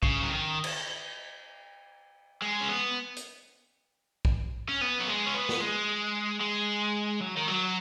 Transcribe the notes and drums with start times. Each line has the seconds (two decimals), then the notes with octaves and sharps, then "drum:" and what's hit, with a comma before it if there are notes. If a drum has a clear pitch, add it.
0.03 C#3, drum: kick
0.22 F#3
0.29 D#3
0.64 drum: cymbal
2.42 G#3
2.61 C#4
2.68 B3
3.16 drum: hi-hat
4.25 drum: kick
4.69 C#4
4.81 B3
5.00 F#3
5.08 G#3
5.26 C#4
5.34 B3
5.49 drum: snare
5.61 G#3
6.41 G#3
7.21 F#3
7.36 D#3
7.48 F#3